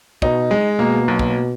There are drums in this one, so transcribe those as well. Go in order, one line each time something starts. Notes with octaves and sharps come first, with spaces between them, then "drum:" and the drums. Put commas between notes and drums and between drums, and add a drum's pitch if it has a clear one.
B2 D#4, drum: kick
G#3
B2 A#3
B1
drum: kick